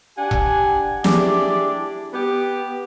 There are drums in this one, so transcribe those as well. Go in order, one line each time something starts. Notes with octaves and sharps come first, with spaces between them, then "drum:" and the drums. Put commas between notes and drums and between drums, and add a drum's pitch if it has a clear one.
D4 G4 F#5 G#5
drum: kick E1
D4 E4 G4 G#4 D5, drum: snare
B3 G4